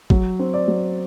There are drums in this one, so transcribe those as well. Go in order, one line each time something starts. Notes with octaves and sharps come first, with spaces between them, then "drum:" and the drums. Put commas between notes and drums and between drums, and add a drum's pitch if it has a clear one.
F#3, drum: kick A1
C4
D5
F#3